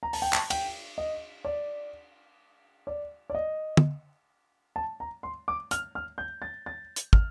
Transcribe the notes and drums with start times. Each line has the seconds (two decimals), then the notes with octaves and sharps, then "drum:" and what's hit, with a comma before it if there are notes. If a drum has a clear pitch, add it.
0.03 A#5
0.13 A5, drum: open hi-hat
0.22 G5
0.33 A5, drum: clap
0.50 G5, drum: cymbal
0.98 D#5
1.45 D5
2.87 D5
3.30 D5
3.35 D#5
3.77 drum: tom
4.76 A5
5.00 A#5
5.23 C6
5.48 D6
5.71 F6, drum: hi-hat
5.95 F6
6.18 G6
6.42 A6
6.66 A6
6.96 drum: hi-hat
7.13 F6, drum: kick